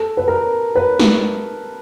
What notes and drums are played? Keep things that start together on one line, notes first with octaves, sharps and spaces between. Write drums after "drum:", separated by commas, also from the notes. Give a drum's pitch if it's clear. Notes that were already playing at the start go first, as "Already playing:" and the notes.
Already playing: A4
B4
A#4
B4
drum: snare